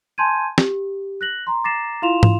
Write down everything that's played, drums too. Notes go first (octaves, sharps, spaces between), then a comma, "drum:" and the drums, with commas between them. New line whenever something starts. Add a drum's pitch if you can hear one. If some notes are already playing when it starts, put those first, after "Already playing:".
G#5 A5 C6 G6 G#6 D#7
G4, drum: snare
F#6 A#6 F#7
A#5 C6
A#5 D6 A6 A#6 C7 E7
E4 F4 F5 C6 E7 F7
drum: tom